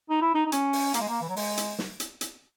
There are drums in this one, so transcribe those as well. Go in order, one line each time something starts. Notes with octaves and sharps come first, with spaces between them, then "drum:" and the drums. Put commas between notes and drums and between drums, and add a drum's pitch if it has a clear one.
D#4
E4
D#4
D#4
C#4, drum: hi-hat
drum: open hi-hat
A#3, drum: hi-hat
G#3
A#3
E3
F#3
G#3, drum: open hi-hat
drum: hi-hat
drum: snare
drum: hi-hat
drum: hi-hat